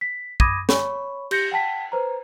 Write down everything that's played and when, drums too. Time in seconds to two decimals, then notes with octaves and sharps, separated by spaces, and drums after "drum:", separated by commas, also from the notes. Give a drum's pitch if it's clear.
0.01 B6
0.40 B5 D6 D#6 G#6 A#6 D#7, drum: kick
0.69 C#5 B5 C#6, drum: snare
1.31 G4 G6 A#6 C#7, drum: cymbal
1.51 F#5 G5 A5 B6
1.92 B4 C5 A#5